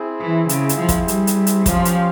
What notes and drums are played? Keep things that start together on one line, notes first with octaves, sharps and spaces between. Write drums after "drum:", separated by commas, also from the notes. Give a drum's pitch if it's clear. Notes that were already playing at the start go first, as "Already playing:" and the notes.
Already playing: C4 E4 G#4
E3
C#3, drum: hi-hat
drum: hi-hat
F3
drum: kick, hi-hat
G3, drum: hi-hat
drum: hi-hat
drum: hi-hat
F3 C#4 G4 C5 F5, drum: kick, hi-hat
drum: hi-hat